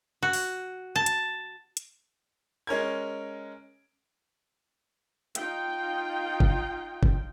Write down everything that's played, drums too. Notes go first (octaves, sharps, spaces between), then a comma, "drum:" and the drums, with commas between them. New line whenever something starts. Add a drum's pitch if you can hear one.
F#4
drum: open hi-hat
A5
drum: hi-hat
drum: hi-hat
G#3 C#4 A#4 G#6
D#4 F4 G5, drum: hi-hat
drum: kick
drum: kick